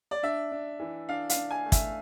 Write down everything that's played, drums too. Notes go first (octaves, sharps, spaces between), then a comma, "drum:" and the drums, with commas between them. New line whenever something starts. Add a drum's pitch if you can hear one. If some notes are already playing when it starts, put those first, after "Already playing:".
D5
D4 E5
D4
E3
D4 F5
F5, drum: hi-hat
D4
G#5
A3
E5, drum: kick, hi-hat